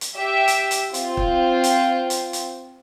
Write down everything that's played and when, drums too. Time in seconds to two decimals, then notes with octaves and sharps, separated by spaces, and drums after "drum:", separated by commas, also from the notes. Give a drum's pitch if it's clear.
0.01 drum: hi-hat
0.17 G4 E5
0.48 drum: hi-hat
0.71 drum: hi-hat
0.94 C4 F4, drum: hi-hat
1.17 drum: kick
1.64 drum: hi-hat
2.10 drum: hi-hat
2.33 drum: hi-hat